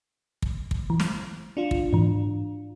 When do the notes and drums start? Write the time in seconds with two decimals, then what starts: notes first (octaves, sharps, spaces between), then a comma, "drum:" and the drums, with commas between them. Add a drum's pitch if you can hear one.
0.42 drum: kick
0.71 drum: kick
0.90 E3
1.00 drum: snare
1.57 D4 F4
1.71 drum: kick
1.93 G#2 E3